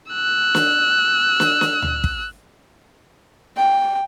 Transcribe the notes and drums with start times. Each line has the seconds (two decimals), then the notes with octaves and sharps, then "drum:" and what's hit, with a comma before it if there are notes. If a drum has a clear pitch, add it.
0.12 E6 F#6
0.55 drum: snare
1.40 drum: snare
1.61 drum: snare
1.82 drum: tom D2
2.04 drum: kick
3.57 G5